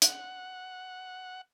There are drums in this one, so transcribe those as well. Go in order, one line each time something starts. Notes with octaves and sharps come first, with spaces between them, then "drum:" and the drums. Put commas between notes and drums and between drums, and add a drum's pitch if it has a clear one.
F#5, drum: hi-hat